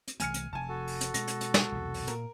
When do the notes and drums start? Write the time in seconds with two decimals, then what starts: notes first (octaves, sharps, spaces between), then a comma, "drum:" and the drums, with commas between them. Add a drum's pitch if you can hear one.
0.08 drum: hi-hat
0.20 C2 E3 A3 G#5 F6 C#7, drum: hi-hat
0.34 drum: hi-hat
0.53 F1 G#5 A5
0.69 F#4 A4
0.87 drum: open hi-hat
1.01 drum: hi-hat
1.14 B2 G#3 A#6, drum: hi-hat
1.27 drum: hi-hat
1.41 drum: hi-hat
1.54 drum: snare
1.72 B1 E2 C3
1.94 drum: open hi-hat
2.07 A#2 A#3 A#4, drum: hi-hat